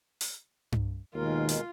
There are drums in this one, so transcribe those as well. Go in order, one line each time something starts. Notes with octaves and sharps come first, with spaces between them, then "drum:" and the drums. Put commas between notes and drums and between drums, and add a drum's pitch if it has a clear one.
drum: open hi-hat
drum: tom G2
D#2 B2 D#3 G#3 F4 A#4
drum: hi-hat